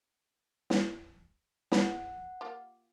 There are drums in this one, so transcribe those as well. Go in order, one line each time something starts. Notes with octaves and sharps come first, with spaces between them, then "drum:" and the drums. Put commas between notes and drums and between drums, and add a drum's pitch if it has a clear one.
drum: snare
B3 G#4 F#5 B5, drum: snare
A#3 F4 G4